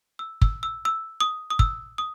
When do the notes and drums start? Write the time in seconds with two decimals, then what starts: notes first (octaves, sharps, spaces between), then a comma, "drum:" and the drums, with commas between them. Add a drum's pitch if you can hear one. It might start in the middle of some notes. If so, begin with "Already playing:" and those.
0.19 E6
0.42 E6, drum: kick
0.63 E6
0.85 E6
1.20 D#6
1.50 D#6
1.59 E6, drum: kick
1.98 D#6